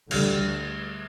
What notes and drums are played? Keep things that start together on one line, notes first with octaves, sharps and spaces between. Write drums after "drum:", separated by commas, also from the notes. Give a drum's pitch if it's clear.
D2 D3 G3, drum: cymbal